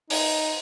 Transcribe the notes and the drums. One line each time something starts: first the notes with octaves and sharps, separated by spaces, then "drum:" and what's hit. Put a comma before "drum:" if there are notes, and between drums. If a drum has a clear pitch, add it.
D#4, drum: open hi-hat